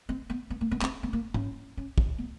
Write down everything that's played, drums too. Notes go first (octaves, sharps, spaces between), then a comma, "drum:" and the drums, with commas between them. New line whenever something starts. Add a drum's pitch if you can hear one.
C4
B3
B3
A#3
B3
C4, drum: clap
B3
A#3
C#4, drum: tom G#2
C#4
C4, drum: kick
B3